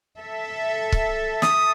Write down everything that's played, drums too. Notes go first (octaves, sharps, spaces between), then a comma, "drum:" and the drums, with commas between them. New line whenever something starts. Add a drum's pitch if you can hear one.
A4 E5
drum: kick
D#6, drum: snare